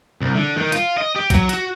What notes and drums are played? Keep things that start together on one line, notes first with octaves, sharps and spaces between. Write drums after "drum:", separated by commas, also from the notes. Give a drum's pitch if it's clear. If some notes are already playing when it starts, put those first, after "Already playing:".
C2
D3
D#3
F4, drum: hi-hat
D#5
G4
F#3, drum: kick B1, hi-hat
F#4, drum: hi-hat